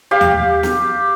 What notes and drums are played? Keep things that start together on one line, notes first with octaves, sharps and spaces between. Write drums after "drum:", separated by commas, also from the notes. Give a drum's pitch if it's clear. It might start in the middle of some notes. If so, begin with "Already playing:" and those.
G4 F5
drum: tom D#2
drum: snare